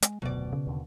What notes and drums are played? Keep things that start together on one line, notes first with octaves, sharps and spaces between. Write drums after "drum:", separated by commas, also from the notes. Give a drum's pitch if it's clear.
G#3, drum: hi-hat
F1 D2 B2 F#3 D5
C#3
D#2 D3